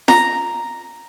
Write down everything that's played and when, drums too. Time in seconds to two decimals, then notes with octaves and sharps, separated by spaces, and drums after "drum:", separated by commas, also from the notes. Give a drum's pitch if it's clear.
0.08 A#5, drum: snare F4